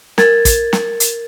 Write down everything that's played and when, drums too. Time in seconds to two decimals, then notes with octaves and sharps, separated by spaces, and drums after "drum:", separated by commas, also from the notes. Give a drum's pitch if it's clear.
0.18 A#4 G#6 A6, drum: snare
0.45 drum: kick, hi-hat
0.73 drum: snare
1.00 drum: hi-hat